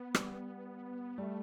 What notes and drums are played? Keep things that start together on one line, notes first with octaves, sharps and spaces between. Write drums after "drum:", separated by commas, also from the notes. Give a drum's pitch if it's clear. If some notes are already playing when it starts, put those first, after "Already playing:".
Already playing: B3
G3, drum: rim click
G3 A3